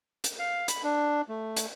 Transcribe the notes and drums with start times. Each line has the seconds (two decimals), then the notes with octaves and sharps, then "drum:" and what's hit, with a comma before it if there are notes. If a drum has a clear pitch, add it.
0.24 drum: hi-hat
0.39 F5
0.68 B5, drum: hi-hat
0.83 D4
1.29 A3
1.56 drum: hi-hat